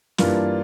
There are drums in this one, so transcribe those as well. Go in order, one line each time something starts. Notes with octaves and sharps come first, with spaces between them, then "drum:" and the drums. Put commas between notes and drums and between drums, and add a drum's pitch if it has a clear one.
G2 E3 A#3 D4 F4, drum: snare